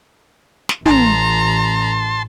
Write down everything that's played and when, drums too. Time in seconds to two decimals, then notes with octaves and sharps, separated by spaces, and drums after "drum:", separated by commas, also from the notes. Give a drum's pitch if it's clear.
0.69 drum: snare
0.86 A1 A5 A#5 C6, drum: tom